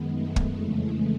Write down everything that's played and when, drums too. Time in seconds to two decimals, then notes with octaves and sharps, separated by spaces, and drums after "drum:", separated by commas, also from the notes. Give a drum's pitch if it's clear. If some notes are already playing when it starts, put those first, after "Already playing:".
Already playing: F#2 D#3 G#3 B3
0.14 A3
0.36 drum: kick
0.58 F2 C#3 E3 G#3